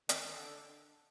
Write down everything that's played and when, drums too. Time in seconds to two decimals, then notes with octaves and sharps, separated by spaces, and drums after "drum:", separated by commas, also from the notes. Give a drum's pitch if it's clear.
0.09 D#3, drum: hi-hat
0.32 D3